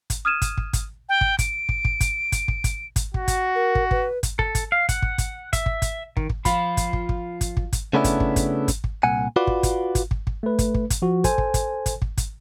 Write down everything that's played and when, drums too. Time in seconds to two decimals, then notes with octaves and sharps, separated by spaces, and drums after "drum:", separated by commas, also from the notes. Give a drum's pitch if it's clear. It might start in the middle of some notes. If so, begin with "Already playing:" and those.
0.10 drum: kick, hi-hat
0.25 D#6 F6 G#6 D#7 E7
0.42 drum: kick, hi-hat
0.57 drum: kick
0.73 drum: kick, hi-hat
1.09 G5
1.21 drum: kick
1.39 D7, drum: kick, hi-hat
1.69 drum: kick
1.85 drum: kick
2.01 drum: kick, hi-hat
2.32 drum: kick, hi-hat
2.48 drum: kick
2.64 drum: kick, hi-hat
2.96 drum: kick, hi-hat
3.14 F#4, drum: kick
3.28 drum: kick, hi-hat
3.55 A#4
3.75 drum: kick
3.91 B4, drum: kick
4.23 drum: kick, hi-hat
4.39 A4, drum: kick
4.55 drum: kick, hi-hat
4.72 F5
4.89 F#5, drum: kick, hi-hat
5.02 drum: kick
5.18 drum: kick, hi-hat
5.53 E5, drum: kick, hi-hat
5.66 drum: kick
5.82 drum: kick, hi-hat
6.17 D#3, drum: kick
6.30 drum: kick
6.45 F3 F4 B5, drum: kick, hi-hat
6.77 drum: kick, hi-hat
6.93 drum: kick
7.09 drum: kick
7.41 drum: kick, hi-hat
7.57 drum: kick
7.73 drum: kick, hi-hat
7.93 C#3 A3 B3 C#4 D4 E4
8.04 drum: kick, hi-hat
8.20 drum: kick
8.36 drum: kick, hi-hat
8.68 drum: kick, hi-hat
8.84 drum: kick
9.03 C2 A#2 F#5 G#5
9.36 F4 F#4 B4 D5
9.47 drum: kick
9.63 drum: kick, hi-hat
9.95 drum: kick, hi-hat
10.11 drum: kick
10.27 drum: kick
10.43 A3 B4
10.59 drum: kick, hi-hat
10.74 drum: kick
10.90 drum: kick, hi-hat
11.02 F3 F#4
11.24 A4 C5 G#5, drum: kick, hi-hat
11.38 drum: kick
11.54 drum: kick, hi-hat
11.86 drum: kick, hi-hat
12.02 drum: kick
12.18 drum: kick, hi-hat